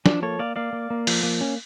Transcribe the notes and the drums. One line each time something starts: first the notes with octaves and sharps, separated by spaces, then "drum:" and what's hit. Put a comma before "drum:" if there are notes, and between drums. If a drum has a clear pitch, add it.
F3 D4, drum: snare
A#3 A4 C#5
A#3 D5 F5
A#3 D5 F5
A#3
A#3
F3, drum: open hi-hat
A#3
C#4